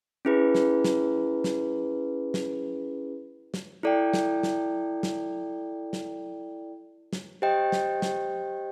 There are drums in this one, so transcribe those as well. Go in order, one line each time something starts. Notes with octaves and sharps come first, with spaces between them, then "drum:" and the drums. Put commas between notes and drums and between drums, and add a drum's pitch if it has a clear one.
C#4 E4 G#4 B4
drum: snare
drum: snare
drum: snare
drum: snare
drum: snare
E4 A4 D5 G5
drum: snare
drum: snare
drum: snare
drum: snare
drum: snare
G4 C5 D#5 G5
drum: snare
drum: snare